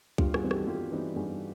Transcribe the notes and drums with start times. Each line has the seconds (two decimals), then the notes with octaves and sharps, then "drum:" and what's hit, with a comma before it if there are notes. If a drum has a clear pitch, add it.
0.18 G2 F4 G4, drum: kick C2
0.34 F#4 G#4, drum: rim click
0.43 E3 G3 C4 D#4
0.51 G4 A4, drum: rim click
0.67 G2 F4 G4
0.92 E3 G3 C4 D#4
1.16 G2 F#4 G#4